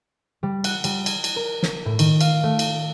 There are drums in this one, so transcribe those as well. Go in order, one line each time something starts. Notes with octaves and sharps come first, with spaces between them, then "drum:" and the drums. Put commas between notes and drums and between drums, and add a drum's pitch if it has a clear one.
G3
F#5, drum: cymbal
G3, drum: cymbal
G#6, drum: cymbal
drum: cymbal
A#4
drum: snare
A2
D#3, drum: cymbal
F5, drum: cymbal
A3
drum: cymbal